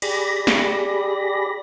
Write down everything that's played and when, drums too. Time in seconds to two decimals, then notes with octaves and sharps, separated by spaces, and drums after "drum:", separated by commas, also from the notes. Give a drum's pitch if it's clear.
0.02 G4 G#4 D5 B5 A#6, drum: cymbal
0.47 drum: snare